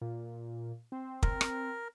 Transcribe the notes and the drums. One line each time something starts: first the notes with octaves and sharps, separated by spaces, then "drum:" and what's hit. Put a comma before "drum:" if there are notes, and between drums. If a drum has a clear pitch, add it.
A#2
C4
A#4, drum: kick
drum: rim click